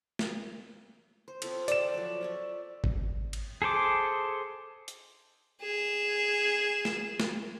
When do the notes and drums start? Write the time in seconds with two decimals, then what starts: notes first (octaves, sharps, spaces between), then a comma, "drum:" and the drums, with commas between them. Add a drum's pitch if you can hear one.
0.19 drum: snare
1.28 C5
1.42 C4 F4 A4, drum: cymbal
1.68 A4 C5 D5 G5 E7, drum: hi-hat
1.94 F3 F#3
2.21 F4 C#5 E5
2.84 drum: kick G#1
3.33 drum: cymbal
3.62 G#4 A4 C5 D6
4.88 drum: hi-hat
5.61 G#4 E7
6.85 drum: snare
7.20 drum: snare